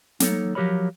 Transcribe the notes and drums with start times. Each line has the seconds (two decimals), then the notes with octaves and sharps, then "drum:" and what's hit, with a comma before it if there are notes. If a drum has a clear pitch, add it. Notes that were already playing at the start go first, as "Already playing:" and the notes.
0.20 F#3 A#3 D#4 A4 C#5, drum: snare
0.55 F3 F#3 G4 A#4 C#5 B5